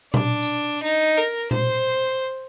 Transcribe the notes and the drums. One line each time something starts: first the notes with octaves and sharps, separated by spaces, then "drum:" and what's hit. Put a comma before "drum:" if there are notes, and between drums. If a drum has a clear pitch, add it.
D4, drum: tom A#2
drum: tambourine
D#4
A#4
C5, drum: tom A#2